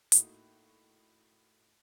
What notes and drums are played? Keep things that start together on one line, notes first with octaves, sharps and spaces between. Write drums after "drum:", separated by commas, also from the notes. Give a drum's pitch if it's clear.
A2 A#3 D#4 F#4, drum: hi-hat